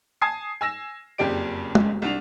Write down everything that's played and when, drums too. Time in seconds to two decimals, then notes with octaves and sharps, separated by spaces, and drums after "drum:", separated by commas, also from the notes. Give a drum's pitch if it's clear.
0.21 G#5 A5 D#6 G#6 C7
0.61 G#5 E6 A#6 E7
1.18 F#1 F2 C#3 G4 D5 D7
1.75 drum: tom G#3
2.02 C2 D4 F7